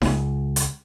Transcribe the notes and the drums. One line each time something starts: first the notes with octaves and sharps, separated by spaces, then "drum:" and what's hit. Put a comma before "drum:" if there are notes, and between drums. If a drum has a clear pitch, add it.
C#2, drum: snare D#4
drum: hi-hat